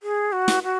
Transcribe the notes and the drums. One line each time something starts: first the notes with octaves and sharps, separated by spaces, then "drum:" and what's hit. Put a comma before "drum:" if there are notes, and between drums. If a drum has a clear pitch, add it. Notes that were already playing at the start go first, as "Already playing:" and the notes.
G#4
F#4
drum: snare
F#4